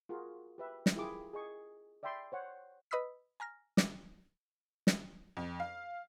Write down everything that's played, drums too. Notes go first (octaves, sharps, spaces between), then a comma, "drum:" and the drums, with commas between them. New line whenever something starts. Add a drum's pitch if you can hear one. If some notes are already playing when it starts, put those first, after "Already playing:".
F4 F#4 G#4 A#4
G4 B4 E5
drum: snare
E4 F4 G4 G#4 A#4 D6
G#4 D#5 C#6
D5 E5 G5 B5 C6
C5 C#5 F#5
B4 D#5 B5 D#6 E6 B6
G#5 A#5 F6 A#6
D6, drum: snare
drum: snare
F2
F5